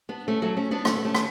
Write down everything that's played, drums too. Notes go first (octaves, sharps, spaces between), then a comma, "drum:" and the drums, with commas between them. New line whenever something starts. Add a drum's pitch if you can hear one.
B3 D4
A3 C#4
F#3 A3
A3 C#4
B3 D4
A3 C#4, drum: rim click
B3
A3 C#4
drum: rim click